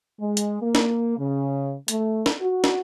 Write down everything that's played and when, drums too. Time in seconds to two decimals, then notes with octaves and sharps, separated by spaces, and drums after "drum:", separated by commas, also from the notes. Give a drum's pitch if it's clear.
0.19 G#3
0.37 drum: hi-hat
0.61 A#3
0.75 drum: snare
1.18 C#3
1.88 A3, drum: hi-hat
2.26 drum: snare
2.40 F#4
2.64 drum: snare